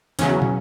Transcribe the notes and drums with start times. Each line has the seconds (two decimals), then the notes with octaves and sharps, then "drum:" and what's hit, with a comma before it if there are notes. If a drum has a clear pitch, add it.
0.19 E2 C#3 F#3 C#4, drum: hi-hat
0.42 drum: tom